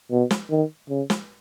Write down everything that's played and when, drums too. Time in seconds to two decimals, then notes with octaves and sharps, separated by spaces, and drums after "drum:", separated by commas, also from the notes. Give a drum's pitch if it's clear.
0.11 B2
0.31 drum: snare
0.51 D#3
0.90 C#3
1.10 drum: snare